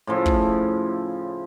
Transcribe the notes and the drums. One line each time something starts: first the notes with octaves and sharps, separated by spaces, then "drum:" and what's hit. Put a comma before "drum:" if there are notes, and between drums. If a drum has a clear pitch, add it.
A2 C#3 F3
drum: kick